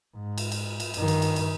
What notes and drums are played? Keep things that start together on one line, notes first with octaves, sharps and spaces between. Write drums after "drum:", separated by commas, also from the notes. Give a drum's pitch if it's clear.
G#2
drum: cymbal
drum: cymbal
drum: cymbal
G2 D#3, drum: cymbal
drum: cymbal
drum: cymbal
drum: cymbal